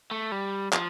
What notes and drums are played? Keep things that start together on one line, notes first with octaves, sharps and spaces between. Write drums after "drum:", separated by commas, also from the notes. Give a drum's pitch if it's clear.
A3
G3
F3, drum: clap